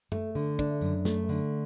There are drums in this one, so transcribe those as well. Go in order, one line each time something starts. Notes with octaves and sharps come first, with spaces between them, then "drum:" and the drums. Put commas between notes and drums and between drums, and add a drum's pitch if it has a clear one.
A3, drum: tom F#2
D3, drum: tambourine
D4, drum: kick
F#2, drum: tambourine
A3, drum: snare
D3, drum: tambourine